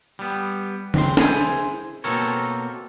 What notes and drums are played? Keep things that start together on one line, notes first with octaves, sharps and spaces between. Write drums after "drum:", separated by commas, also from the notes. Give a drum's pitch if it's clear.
G3 B3
C#3 C4 C6, drum: tom C#3
E4 G#4 C5 G#5, drum: snare
B2 A#3 C4 A4 A#4 C#5